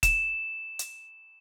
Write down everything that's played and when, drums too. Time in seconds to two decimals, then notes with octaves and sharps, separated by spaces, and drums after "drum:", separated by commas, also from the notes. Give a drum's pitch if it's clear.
0.03 E7, drum: kick, hi-hat
0.79 drum: hi-hat